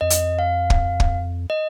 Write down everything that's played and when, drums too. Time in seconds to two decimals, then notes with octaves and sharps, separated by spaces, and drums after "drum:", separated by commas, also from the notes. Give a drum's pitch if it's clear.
0.01 F2 D#5
0.10 drum: hi-hat
0.39 F5
0.70 drum: kick
1.00 drum: kick
1.50 D#5